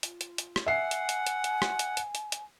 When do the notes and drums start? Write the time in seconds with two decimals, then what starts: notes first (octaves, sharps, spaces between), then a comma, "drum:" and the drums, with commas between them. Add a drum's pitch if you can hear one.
0.03 F4, drum: hi-hat
0.21 drum: hi-hat
0.38 drum: hi-hat
0.56 drum: rim click
0.66 E5 F#5 G#5 C7
0.91 drum: hi-hat
1.09 drum: hi-hat
1.26 drum: hi-hat
1.44 drum: hi-hat
1.62 drum: rim click
1.79 drum: hi-hat
1.97 drum: hi-hat
2.15 drum: hi-hat
2.32 drum: hi-hat